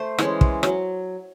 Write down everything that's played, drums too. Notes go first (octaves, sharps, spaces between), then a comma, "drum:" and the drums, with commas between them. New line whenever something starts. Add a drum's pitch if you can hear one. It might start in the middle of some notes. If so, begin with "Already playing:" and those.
Already playing: A3 C5
E3 G#3 C#4, drum: rim click
drum: kick
F#3, drum: rim click